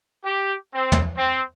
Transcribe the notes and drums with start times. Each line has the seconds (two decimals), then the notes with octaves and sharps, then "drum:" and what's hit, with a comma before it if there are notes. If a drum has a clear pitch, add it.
0.25 G4
0.73 C4
0.92 drum: tom
1.17 C4